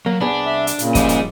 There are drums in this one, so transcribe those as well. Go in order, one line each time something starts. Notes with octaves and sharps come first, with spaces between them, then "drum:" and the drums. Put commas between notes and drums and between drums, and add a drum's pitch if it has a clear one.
F#3 A#3
C2 B3 D4 G#4
E5
drum: hi-hat
A#2 C#3, drum: hi-hat
G2 F3 G3 G#4 C5 D#5, drum: kick, hi-hat
drum: hi-hat